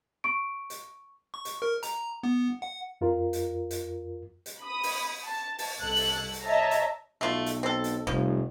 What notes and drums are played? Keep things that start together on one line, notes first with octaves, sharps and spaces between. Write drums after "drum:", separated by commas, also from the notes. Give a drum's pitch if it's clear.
C#6 D7
drum: hi-hat
C#6
drum: hi-hat
A#4
A#5, drum: hi-hat
B3
F#5
F2 F4 A#4
drum: hi-hat
drum: hi-hat
drum: hi-hat
B5 D#6
drum: open hi-hat
A5
drum: open hi-hat
C2 A4 F#6
drum: open hi-hat
drum: hi-hat
C#5 D#5 E5 A5 A#5
drum: hi-hat
B1 A3 F4
drum: hi-hat
C4 A4
drum: hi-hat
F1 C2 F3